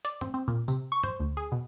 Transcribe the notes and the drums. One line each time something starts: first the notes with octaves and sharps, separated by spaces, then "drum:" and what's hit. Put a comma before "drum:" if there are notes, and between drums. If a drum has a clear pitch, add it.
D5, drum: hi-hat
C4, drum: tom G2
C4
A#2
C3, drum: tambourine
C#6
C5, drum: tom G2
D2
G#4
B2